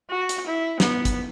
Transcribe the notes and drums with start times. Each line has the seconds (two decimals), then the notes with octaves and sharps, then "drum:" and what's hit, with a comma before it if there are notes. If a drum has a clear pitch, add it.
0.10 F#4
0.29 drum: hi-hat
0.47 E4
0.80 B3, drum: snare
1.05 drum: kick G#1, hi-hat